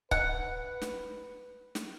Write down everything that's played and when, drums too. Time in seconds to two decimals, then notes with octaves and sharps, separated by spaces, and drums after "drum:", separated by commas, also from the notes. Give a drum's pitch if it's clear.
0.11 B4 F#5, drum: kick C#1
0.82 drum: snare
1.75 drum: snare